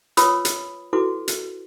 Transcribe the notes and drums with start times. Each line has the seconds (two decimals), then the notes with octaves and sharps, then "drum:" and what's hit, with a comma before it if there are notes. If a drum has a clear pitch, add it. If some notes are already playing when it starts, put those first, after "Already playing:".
0.17 F4 B4 C#5 B5 D#6 E6, drum: hi-hat
0.45 drum: hi-hat
0.93 E4 F#4 A4 B4 D6
1.28 drum: hi-hat